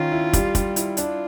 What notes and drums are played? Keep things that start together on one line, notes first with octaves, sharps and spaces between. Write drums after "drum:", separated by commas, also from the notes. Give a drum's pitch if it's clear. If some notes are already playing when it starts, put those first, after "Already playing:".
Already playing: D#3 C#4 F4
E4
G3, drum: kick, hi-hat
G3, drum: kick, hi-hat
E4, drum: hi-hat
D4 F4, drum: hi-hat